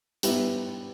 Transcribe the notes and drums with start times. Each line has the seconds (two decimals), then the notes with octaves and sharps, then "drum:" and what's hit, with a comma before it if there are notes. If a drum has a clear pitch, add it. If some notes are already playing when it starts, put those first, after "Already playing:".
0.23 G3 B3 E4, drum: hi-hat